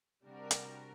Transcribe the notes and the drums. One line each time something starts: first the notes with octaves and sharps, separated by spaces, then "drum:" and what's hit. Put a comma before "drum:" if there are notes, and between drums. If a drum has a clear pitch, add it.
C3 G3 D4 F#4 A#4
drum: hi-hat